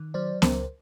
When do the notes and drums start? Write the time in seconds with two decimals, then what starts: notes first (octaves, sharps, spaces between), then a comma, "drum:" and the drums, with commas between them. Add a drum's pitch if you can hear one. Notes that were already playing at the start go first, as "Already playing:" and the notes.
Already playing: D#3
0.14 F#3 C5 D5
0.42 C#2 A#4 C5, drum: snare B3